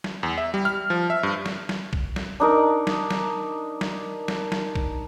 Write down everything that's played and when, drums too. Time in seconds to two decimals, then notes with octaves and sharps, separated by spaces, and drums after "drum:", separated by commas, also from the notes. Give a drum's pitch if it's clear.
0.04 drum: snare
0.23 E2
0.38 E5
0.54 G3
0.65 F6
0.90 F3
1.10 E5
1.23 G2
1.46 drum: snare
1.69 drum: snare
1.93 drum: kick A#1
2.16 drum: snare
2.40 D4 D#4 A#4
2.87 drum: snare
3.10 drum: snare
3.81 drum: snare
4.28 drum: snare
4.52 drum: snare
4.75 drum: kick A#1